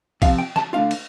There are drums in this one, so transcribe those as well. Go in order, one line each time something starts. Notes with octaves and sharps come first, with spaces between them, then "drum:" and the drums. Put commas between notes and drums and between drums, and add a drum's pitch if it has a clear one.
C3 F3 C4 F5, drum: kick B1, cymbal
G5
A5, drum: snare
D3 A3 D4 F4 F5
drum: cymbal